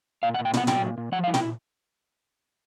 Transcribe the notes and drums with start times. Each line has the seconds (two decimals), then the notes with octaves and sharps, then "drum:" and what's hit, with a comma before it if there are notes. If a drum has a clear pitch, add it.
0.23 A#2 F5
0.34 F#5
0.39 A#2
0.45 G5
0.54 B3 F#5, drum: tom
0.67 F#3 G5, drum: tom
0.83 A#2
0.98 A#2
1.12 F3 F#5
1.24 F5
1.27 E4
1.34 G5, drum: tom